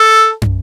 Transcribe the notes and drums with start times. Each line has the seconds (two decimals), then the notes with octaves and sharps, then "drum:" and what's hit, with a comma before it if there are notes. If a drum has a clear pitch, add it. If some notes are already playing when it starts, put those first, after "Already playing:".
Already playing: A4
0.42 drum: tom